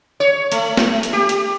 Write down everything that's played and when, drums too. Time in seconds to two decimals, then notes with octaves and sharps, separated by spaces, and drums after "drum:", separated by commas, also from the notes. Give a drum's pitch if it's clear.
0.20 C#5
0.52 A3, drum: hi-hat
0.77 drum: snare
1.03 drum: hi-hat
1.13 G4
1.29 drum: hi-hat